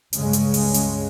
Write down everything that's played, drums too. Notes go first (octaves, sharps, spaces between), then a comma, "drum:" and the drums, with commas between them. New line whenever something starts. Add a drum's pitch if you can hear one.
C#2 G2 C#3 G#3 C#4, drum: hi-hat
drum: hi-hat
drum: open hi-hat
drum: hi-hat